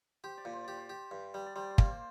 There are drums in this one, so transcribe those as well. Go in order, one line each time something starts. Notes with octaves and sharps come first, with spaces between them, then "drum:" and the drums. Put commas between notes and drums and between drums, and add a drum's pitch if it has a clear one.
G4 C5
D5
A#2
C5
G4 D5
C5
G4
G2
G3
D5
G3 C5
C5
A#3, drum: kick
C5